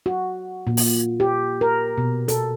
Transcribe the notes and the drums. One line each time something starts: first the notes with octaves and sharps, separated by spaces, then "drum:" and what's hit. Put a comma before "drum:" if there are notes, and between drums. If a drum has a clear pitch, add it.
F#4
A#2
drum: open hi-hat
G4
A#4
B2
A4, drum: hi-hat